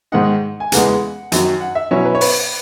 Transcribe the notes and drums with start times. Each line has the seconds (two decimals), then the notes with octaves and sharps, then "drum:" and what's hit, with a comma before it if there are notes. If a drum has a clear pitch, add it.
0.12 G#2 D#3 G#3 D#4 F#5
0.60 G#5
0.72 E2 C#3 E3 G#3 F#5, drum: hi-hat
1.32 F#2 D#3 F#3, drum: hi-hat
1.60 F#5
1.75 E5
1.91 B2 F#3 C#4 E4 C#5
2.05 B4
2.15 C#5
2.21 B4, drum: open hi-hat